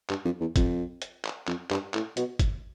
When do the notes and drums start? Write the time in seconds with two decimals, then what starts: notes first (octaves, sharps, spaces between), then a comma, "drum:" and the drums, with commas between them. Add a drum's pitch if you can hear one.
0.10 G2, drum: clap
0.25 F2
0.40 E2
0.56 F2, drum: kick, hi-hat
1.02 drum: hi-hat
1.25 drum: clap
1.47 F2, drum: clap
1.70 G2, drum: clap
1.94 A2, drum: clap
2.17 B2, drum: hi-hat
2.39 drum: kick, hi-hat